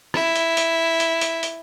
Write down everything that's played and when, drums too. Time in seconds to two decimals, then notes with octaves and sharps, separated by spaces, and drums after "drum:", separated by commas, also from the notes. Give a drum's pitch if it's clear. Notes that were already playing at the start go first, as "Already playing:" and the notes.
0.14 E4, drum: rim click
0.36 drum: hi-hat
0.57 drum: hi-hat
1.00 drum: hi-hat
1.21 drum: hi-hat
1.43 drum: hi-hat